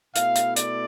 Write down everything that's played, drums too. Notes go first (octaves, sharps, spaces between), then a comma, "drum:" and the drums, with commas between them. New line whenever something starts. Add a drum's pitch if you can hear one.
B2 A3 E4 F5, drum: hi-hat
drum: hi-hat
D5, drum: hi-hat